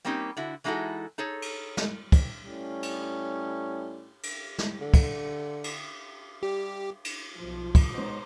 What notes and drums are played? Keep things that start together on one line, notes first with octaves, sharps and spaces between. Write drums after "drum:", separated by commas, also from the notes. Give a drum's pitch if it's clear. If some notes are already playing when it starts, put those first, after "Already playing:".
G3 A#3 C4 C#4 D#4 G4
D3 E4 F#4
E3 G#3 D#4 E4 F#4 A4
D#4 G#4 A4 C#5
drum: cymbal
drum: snare
drum: kick, cymbal
A2 G3 C#4
drum: cymbal
drum: cymbal
drum: snare
D3
drum: kick, cymbal
drum: cymbal
G3 G4
drum: cymbal
B1 F3
drum: kick, cymbal
G#2 B2 C5 C#5 A#5